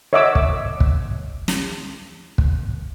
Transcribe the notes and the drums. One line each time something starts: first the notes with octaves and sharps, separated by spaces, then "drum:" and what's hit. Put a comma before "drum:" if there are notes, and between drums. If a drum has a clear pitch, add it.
C#5 D#5 E5 F#5 D6 E6
drum: kick
drum: kick
drum: snare
drum: kick